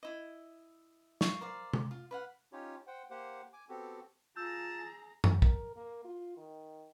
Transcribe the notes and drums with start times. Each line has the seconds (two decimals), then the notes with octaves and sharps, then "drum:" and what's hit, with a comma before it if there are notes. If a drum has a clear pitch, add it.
0.03 E4 D#5
1.21 F5 C#6, drum: snare
1.41 A#4 C5 D5 F5
1.73 drum: tom C3
1.91 F4
2.11 B4 F5 F#5
2.52 C#4 D#4 F4 G4 C#5
2.87 C5 F#5 G5
3.10 A#3 G4 C5 F#5
3.53 G#5 D6
3.69 B3 C4 F#4 G4 A4
4.36 F4 G#4 A5 A#5 E6 G6
5.24 drum: tom F#2
5.42 A#4, drum: kick
5.76 A#3
6.05 F4
6.37 D#3